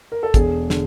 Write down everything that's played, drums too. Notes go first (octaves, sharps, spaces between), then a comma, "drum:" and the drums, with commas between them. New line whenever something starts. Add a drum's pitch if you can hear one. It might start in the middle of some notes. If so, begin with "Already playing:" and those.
A#4
A4
E1 G#4, drum: kick, hi-hat
D3, drum: snare